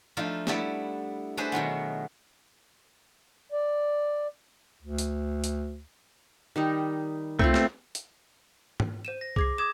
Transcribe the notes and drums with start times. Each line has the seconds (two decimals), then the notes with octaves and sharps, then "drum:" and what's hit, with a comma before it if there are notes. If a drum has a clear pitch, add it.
0.17 F3 A3 D4 D#4 F4
0.47 G3 A3 B3 D4 E4, drum: snare
1.37 A3 D4 G#4 B4 C5
1.52 B2 D#3 F#3 B3
3.52 D5
4.82 D2
4.98 drum: hi-hat
5.44 drum: hi-hat
6.56 D#3 G3 D#4
7.39 A3 C4 F4 B5 C#6, drum: kick C2
7.54 drum: snare
7.95 drum: hi-hat
8.80 drum: tom G#2
9.05 C5 D#7 E7
9.21 A#6
9.36 G#4 D6 G#6 C7, drum: kick C2
9.58 D6 D#6 G#6 E7